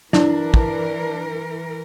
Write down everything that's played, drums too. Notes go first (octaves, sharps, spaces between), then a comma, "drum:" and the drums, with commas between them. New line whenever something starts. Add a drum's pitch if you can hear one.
E3 D4 E4 A#4, drum: snare
drum: kick